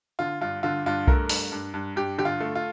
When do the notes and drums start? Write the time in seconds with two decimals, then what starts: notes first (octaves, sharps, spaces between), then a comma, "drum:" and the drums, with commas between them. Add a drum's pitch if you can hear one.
0.19 D3 F4
0.41 G2 F4
0.63 D3 F4
0.86 G2 F4
1.07 A3 A#4, drum: kick B1
1.29 G2, drum: open hi-hat
1.52 G2
1.74 G2
1.96 G2 G4
2.18 D3 G4
2.25 F4
2.40 A3
2.55 F4